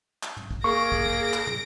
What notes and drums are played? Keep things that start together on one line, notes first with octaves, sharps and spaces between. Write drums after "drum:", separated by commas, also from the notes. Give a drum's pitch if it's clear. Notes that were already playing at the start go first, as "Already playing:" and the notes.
drum: clap
drum: tom
drum: kick
A#3 G#4 C#6 A#6 D7
drum: kick
drum: kick
drum: clap
drum: tom